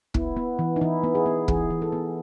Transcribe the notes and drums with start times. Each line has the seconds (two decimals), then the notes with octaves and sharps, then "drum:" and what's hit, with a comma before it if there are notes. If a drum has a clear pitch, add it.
0.14 B3 E4, drum: kick
0.37 B3
0.59 E3
0.76 D#4
0.81 E3 E4
1.04 B3
1.15 G#4
1.26 B3
1.48 E3 G#4, drum: kick
1.70 E3
1.82 A4
1.92 B3